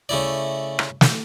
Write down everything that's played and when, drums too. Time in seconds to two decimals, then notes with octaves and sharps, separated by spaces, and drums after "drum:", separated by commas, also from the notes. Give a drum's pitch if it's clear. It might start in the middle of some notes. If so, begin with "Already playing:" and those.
0.09 C#3 A3 E4 D5
0.79 drum: rim click
1.01 drum: snare